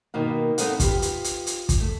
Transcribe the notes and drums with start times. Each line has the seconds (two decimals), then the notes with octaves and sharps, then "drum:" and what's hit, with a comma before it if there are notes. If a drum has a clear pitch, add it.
0.14 B2 D#3 A#3 F5
0.58 B3 C4 D#4 A4 C5 F5, drum: hi-hat
0.80 F4 G4 B4, drum: kick, hi-hat
1.02 drum: hi-hat
1.24 drum: hi-hat
1.47 drum: hi-hat
1.69 drum: kick, hi-hat
1.80 A3